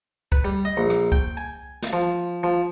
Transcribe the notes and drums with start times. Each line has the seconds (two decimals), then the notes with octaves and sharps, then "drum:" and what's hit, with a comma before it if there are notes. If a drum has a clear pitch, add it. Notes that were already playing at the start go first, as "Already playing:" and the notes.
0.32 B4, drum: kick C2
0.44 G3
0.65 D#5
0.77 A#1
0.90 drum: rim click
1.12 G5, drum: kick C2
1.37 G#5
1.82 drum: snare
1.93 F3
2.43 F3